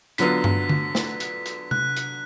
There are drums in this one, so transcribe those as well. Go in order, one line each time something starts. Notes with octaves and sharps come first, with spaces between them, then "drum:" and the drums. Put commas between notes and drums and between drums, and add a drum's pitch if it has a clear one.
D3 F#3 B3 F4 B6, drum: hi-hat
drum: tom G2
drum: tom D3
drum: snare
drum: hi-hat
drum: hi-hat
F#6, drum: tom C3
drum: hi-hat